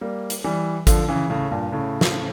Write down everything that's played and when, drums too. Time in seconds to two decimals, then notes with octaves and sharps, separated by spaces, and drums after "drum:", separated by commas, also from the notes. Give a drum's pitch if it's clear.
0.01 G3 A#3
0.30 drum: hi-hat
0.44 E3 G3
0.87 D3 F3, drum: kick G#1, hi-hat
1.08 C#3 E3
1.30 A2 C#3
1.51 G2 A#2
1.72 A2 C#3
2.01 drum: snare